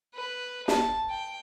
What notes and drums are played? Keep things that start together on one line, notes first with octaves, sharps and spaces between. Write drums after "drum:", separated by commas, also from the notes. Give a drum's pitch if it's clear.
B4
A5, drum: snare
G5